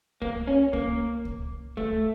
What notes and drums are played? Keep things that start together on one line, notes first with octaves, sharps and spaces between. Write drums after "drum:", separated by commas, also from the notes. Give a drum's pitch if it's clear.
A#3, drum: kick C#2
C#4
A#3, drum: kick C#2
drum: kick C#2
A3, drum: kick C#2